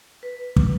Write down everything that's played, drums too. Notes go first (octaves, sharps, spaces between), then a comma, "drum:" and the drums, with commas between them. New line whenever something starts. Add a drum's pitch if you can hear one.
B4
drum: kick